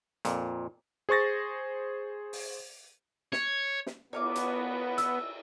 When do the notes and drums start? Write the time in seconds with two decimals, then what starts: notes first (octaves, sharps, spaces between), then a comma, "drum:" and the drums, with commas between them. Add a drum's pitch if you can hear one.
0.25 F2 A#2, drum: hi-hat
1.09 G#4 C5 C#6 A6 A#6
2.33 drum: open hi-hat
3.33 C#5, drum: snare
3.86 drum: snare
4.13 B3 C#5 F5 D6, drum: cymbal
4.35 drum: hi-hat
4.98 E6, drum: hi-hat